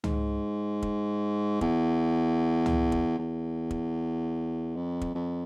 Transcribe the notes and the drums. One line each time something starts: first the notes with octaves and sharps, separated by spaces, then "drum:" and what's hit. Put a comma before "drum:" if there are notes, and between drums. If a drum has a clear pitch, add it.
G#2, drum: tom C#2
drum: kick
E2, drum: kick
drum: tom C#2
drum: kick
E2
drum: kick
F2
drum: kick
F2